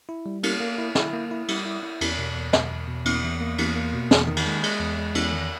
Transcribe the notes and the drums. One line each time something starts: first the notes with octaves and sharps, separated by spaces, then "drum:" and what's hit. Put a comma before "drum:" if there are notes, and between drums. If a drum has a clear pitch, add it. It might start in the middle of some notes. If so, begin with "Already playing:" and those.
E4
G3
A#3, drum: cymbal
A#3
E4
E4, drum: snare
A#3
E4
G3, drum: cymbal
E4
E4
E2, drum: cymbal
B2
E2
B2, drum: snare
E2
B2
E2, drum: cymbal
E2
A#3
E2, drum: cymbal
A#3
B2
E2, drum: snare
D#3
drum: cymbal
G#3
G#3, drum: cymbal
E2
G#3
E2, drum: cymbal
D#3